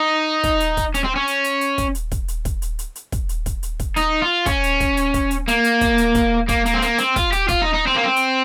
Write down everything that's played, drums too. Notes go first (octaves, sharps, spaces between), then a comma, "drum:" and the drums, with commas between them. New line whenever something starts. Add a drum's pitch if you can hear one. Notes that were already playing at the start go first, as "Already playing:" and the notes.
Already playing: D#4
drum: kick, hi-hat
drum: hi-hat
drum: kick, hi-hat
C#4, drum: hi-hat
C4
C#4
drum: hi-hat
drum: hi-hat
drum: hi-hat
drum: kick, hi-hat
drum: hi-hat
drum: kick, hi-hat
drum: hi-hat
drum: kick, hi-hat
drum: hi-hat
drum: hi-hat
drum: hi-hat
drum: kick, hi-hat
drum: hi-hat
drum: kick, hi-hat
drum: hi-hat
drum: kick, hi-hat
D#4, drum: hi-hat
F4
C#4, drum: kick, hi-hat
drum: hi-hat
drum: kick, hi-hat
drum: hi-hat
drum: kick, hi-hat
drum: hi-hat
A#3, drum: hi-hat
drum: hi-hat
drum: kick, hi-hat
drum: hi-hat
drum: kick, hi-hat
A#3, drum: kick, hi-hat
A#3, drum: hi-hat
C4
A#3, drum: hi-hat
C4, drum: hi-hat
F4, drum: kick, hi-hat
G4, drum: hi-hat
F4, drum: kick, hi-hat
D#4
D#4
C4
A#3
C4
drum: hi-hat